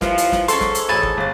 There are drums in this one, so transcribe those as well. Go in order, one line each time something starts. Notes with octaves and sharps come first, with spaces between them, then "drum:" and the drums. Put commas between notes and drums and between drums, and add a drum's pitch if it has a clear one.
D#2 E3 F3 F5, drum: snare
drum: hi-hat
drum: snare
G#2 C#4 A4 A5 C6, drum: hi-hat
drum: snare
drum: hi-hat
A1 G#5 A5 B5
drum: kick
G1 A6